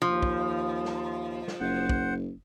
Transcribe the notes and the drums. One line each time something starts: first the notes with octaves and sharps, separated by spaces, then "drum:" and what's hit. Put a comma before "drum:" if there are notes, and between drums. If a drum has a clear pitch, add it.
D#2 F3
drum: kick
drum: snare
drum: snare
F#1 C5 F#5
drum: kick